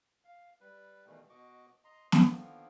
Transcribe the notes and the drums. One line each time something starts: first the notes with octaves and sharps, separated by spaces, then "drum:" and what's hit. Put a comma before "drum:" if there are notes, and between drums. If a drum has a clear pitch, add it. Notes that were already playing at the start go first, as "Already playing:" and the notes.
F5
G3 B4
B2 D#3 E3 G3 A3
B2 F#4 D#5 C#6 D6
D#5 A#5 C6
D3 D#3 F3 A#3 B3, drum: snare